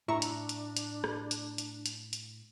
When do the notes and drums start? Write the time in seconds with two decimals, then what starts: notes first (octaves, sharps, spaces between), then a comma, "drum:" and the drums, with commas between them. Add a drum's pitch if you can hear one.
0.08 A2 D4 E4 A#5 C#6 E6
0.22 drum: hi-hat
0.49 drum: hi-hat
0.77 drum: hi-hat
1.04 drum: rim click
1.31 drum: hi-hat
1.58 drum: hi-hat
1.86 drum: hi-hat
2.13 drum: hi-hat